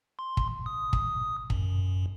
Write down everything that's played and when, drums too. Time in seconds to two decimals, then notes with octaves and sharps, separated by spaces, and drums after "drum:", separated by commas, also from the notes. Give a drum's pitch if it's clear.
0.19 C6
0.37 drum: kick
0.66 D#6
0.93 drum: kick
1.50 F#2, drum: kick